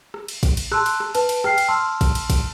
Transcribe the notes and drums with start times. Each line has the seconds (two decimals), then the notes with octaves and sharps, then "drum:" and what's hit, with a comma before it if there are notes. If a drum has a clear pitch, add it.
0.14 drum: rim click
0.28 drum: cymbal
0.43 drum: kick, cymbal
0.57 drum: cymbal
0.72 A5 C6 E6 F#6, drum: rim click
0.86 drum: cymbal
1.00 drum: rim click
1.15 B4 A5, drum: cymbal
1.29 drum: cymbal
1.44 G5 F6 C7, drum: rim click
1.58 drum: cymbal
1.68 A5 C6 E6 F6
2.01 drum: kick, cymbal
2.15 drum: cymbal
2.30 drum: kick, cymbal